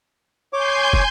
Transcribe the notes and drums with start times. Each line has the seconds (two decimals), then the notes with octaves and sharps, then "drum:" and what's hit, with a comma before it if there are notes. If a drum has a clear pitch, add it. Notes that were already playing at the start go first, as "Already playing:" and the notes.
0.53 C#5 G#5 C6 D6 G6
0.93 drum: kick